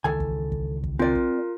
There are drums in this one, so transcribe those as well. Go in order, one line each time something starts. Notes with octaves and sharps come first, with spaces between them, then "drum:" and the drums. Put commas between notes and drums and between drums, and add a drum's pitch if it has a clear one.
C#2 D#3 E3 A4 G#5
drum: kick
drum: kick
drum: kick
C4 F4 A#4 D5
drum: kick